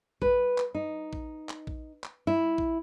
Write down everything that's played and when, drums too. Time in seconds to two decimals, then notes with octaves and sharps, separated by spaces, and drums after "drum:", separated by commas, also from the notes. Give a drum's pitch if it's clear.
0.22 B4, drum: kick A#1
0.58 drum: clap
0.75 D#4
1.13 drum: kick A#1
1.49 drum: clap
1.67 drum: kick A#1
2.04 drum: clap
2.27 E4
2.58 drum: kick A#1